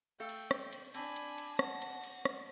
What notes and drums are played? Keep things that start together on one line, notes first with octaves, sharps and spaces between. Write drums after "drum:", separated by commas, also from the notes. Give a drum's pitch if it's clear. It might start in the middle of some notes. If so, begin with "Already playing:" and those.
A3 A4 F5 G5
drum: cymbal
drum: rim click
drum: cymbal
C4 D4 G#5 A5 B5 D6, drum: cymbal
drum: cymbal
drum: cymbal
F#5 A#6, drum: rim click
drum: cymbal
drum: cymbal
drum: rim click